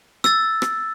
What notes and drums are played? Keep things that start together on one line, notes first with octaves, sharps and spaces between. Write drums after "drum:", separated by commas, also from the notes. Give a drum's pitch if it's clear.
E6 A6, drum: rim click
drum: rim click